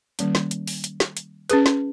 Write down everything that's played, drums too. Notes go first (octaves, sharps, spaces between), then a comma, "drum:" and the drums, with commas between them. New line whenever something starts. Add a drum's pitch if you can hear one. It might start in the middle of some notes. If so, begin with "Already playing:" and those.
D#3 G3 A#3 C#4, drum: hi-hat
drum: snare
drum: hi-hat
drum: open hi-hat
drum: hi-hat
drum: snare
drum: hi-hat
C#4 G#4 B4, drum: hi-hat
drum: snare